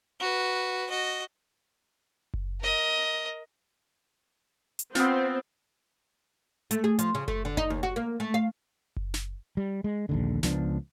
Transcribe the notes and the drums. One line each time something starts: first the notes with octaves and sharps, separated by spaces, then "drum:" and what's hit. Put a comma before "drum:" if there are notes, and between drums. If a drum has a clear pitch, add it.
F#4 B4
F#4 D#5
drum: kick F#1
A#4 D#5
drum: hi-hat
B3 C4 F4, drum: snare
A3, drum: hi-hat
G#4
F3, drum: hi-hat
C#3
A3, drum: kick F#1
D3
D#4, drum: kick F#1
D#2
F#4
A#3
A3
F5
drum: kick F#1
drum: snare
G3
G#3
A#1 D#2 D3
C#2 F3 B3 D4, drum: snare